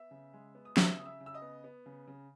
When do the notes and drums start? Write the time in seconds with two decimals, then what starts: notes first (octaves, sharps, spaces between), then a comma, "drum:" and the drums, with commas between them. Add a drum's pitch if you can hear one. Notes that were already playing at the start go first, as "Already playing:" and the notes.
Already playing: B3 E5 E6
0.11 C#3
0.33 G#3
0.55 B3
0.65 D#6
0.77 C#3 E5 E6, drum: snare
0.98 C#3 D#6
1.05 E5 E6
1.20 C#3
1.26 E6
1.34 D#5 D#6
1.42 B3
1.64 B3
1.86 C#3
2.07 C#3